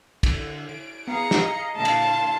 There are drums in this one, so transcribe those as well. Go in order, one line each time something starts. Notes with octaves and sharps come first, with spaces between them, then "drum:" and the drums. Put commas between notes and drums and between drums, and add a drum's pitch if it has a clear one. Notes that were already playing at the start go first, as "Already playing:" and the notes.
D3, drum: kick, cymbal
D7
B3 G#4 F5 A#5 C#7
drum: snare
D#5
A#2 D3 F5 A5
drum: cymbal
C6